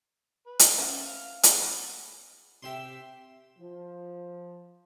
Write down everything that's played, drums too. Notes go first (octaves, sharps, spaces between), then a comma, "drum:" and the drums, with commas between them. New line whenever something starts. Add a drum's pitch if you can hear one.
B4
E3, drum: hi-hat
C4 C#4 D#5 E5 F#5
F5
C#4 G#4 D5 F#5 B5, drum: hi-hat
C3 G4 E5 C6
F3